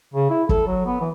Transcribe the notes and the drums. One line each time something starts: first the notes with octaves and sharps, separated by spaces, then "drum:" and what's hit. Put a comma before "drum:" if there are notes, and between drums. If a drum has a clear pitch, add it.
C#3
E4
A4, drum: kick
F#3
B3
E3